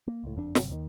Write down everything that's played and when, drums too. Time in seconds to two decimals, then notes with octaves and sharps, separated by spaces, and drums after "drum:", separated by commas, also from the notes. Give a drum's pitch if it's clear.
0.07 A#3
0.24 C#2 A2
0.36 F#1 F2 A2 D4
0.55 G1 C3 F#3, drum: snare
0.70 D#2 D3 D#3